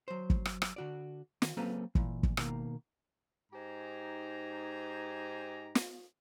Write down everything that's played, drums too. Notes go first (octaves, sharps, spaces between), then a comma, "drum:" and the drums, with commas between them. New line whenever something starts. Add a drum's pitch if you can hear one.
F#3 C5
drum: kick
drum: rim click
drum: rim click
D3 F#4 D5
D#3, drum: snare
F#3 A#3 C4 C#4 A4 B4
A#2 E3, drum: kick
drum: kick
B2 D#3 A#3, drum: rim click
G#2 D#4 G4 C5 G#5 A#5
drum: snare